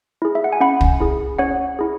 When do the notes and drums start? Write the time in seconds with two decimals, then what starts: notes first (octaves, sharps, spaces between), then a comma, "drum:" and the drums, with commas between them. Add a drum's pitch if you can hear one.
0.22 E4 G#4
0.35 E5
0.44 F#5
0.53 G#5
0.60 C#4 F#5 B5
0.81 drum: kick
1.00 E4 G#4
1.39 C#4 C#5 F#5
1.79 E4 G#4